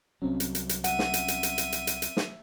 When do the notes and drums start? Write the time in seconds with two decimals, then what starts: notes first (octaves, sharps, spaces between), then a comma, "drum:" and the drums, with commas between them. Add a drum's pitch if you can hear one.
0.22 C2 F#3 C4 C#4
0.40 drum: hi-hat
0.55 drum: hi-hat
0.69 drum: hi-hat
0.84 E5 F#5 D#7, drum: hi-hat
0.99 drum: snare
1.14 drum: hi-hat
1.28 drum: hi-hat
1.43 drum: hi-hat
1.58 drum: hi-hat
1.72 drum: hi-hat
1.87 drum: hi-hat
2.02 drum: hi-hat
2.17 drum: snare